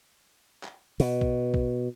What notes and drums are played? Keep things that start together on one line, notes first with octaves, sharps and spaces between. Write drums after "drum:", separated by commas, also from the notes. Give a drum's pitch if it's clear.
drum: clap
B2, drum: open hi-hat
drum: kick
drum: kick